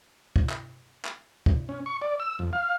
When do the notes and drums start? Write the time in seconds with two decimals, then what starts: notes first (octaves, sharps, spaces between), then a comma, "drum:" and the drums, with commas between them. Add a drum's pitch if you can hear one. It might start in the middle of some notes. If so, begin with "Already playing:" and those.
0.36 drum: kick
0.50 drum: clap
1.05 drum: clap
1.46 drum: kick
1.69 C#4
1.86 C#6
2.02 D5
2.20 E6
2.39 F2
2.53 F5